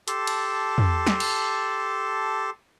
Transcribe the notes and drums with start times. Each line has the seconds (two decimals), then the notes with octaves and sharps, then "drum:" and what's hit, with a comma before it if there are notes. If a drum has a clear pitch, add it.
0.08 G4 A4 A5 C6, drum: hi-hat
0.27 drum: cymbal
0.78 drum: tom
1.07 drum: snare
1.20 drum: cymbal